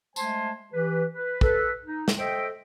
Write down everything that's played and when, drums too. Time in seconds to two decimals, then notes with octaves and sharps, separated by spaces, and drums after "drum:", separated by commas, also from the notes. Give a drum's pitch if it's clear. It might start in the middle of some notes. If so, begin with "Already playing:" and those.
0.16 G#3 A3 C5 G#5 A5 C6, drum: tambourine
0.73 E3 G4 B4
1.12 B4
1.41 A4 B4, drum: kick
1.84 D#4
2.08 drum: snare
2.17 A4 C5 D#5 E5 G5